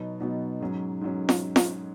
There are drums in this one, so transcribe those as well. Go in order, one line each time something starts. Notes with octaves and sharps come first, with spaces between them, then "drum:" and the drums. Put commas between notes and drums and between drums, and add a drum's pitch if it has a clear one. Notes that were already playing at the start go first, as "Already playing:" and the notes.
Already playing: B2 F#3 B3 D#4
B2 F#3 B3 D#4
G#2 F#3 C#4
G#2 F#3 C#4
drum: snare F4
drum: snare F4